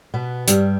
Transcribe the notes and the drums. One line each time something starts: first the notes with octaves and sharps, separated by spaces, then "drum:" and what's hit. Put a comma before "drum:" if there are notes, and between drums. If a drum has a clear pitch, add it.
B2 B3
G2 G3, drum: hi-hat